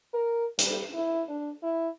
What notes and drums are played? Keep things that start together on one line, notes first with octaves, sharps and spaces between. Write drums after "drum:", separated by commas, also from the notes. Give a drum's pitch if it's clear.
A#4
G3, drum: hi-hat
E4
D4
E4